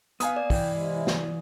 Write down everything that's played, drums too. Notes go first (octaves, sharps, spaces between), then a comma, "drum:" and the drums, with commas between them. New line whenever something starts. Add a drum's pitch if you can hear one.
B3 F5 G#5 D#6, drum: hi-hat
D5
E3 G5, drum: kick, open hi-hat
C3 G#3 E4
drum: snare